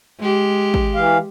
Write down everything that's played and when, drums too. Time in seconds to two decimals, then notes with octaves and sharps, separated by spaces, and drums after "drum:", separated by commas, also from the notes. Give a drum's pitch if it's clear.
0.20 G#3 G4
0.74 drum: kick
0.95 E3 F5